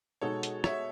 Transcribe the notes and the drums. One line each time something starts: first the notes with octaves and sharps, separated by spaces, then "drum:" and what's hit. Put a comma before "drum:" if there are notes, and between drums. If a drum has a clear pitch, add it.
B2 G#3 D#4 G#4 A4 C#5
drum: hi-hat
C#5 E5, drum: rim click